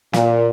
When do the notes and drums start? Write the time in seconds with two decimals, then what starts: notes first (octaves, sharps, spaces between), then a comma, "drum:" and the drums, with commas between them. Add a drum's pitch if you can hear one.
0.13 A#2, drum: snare